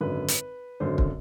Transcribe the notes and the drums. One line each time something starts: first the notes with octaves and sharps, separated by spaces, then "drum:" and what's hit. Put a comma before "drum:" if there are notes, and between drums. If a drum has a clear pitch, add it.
G#1 F#2 D3 B4
drum: hi-hat
G#1 F#2 D3 C5
drum: kick